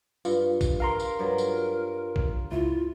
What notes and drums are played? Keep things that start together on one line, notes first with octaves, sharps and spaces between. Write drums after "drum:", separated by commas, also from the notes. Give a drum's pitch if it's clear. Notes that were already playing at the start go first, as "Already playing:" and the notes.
G2 F4, drum: tambourine
drum: kick A#1, tambourine
A#4 F5 A#5 C6
drum: tambourine
G2 F#3
drum: tambourine
drum: kick A#1
C#2 E4 F4